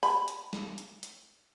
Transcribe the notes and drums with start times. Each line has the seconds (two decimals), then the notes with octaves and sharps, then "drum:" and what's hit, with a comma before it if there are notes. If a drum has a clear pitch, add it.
0.03 B5, drum: open hi-hat
0.28 drum: hi-hat
0.53 drum: snare
0.78 drum: hi-hat
1.03 drum: hi-hat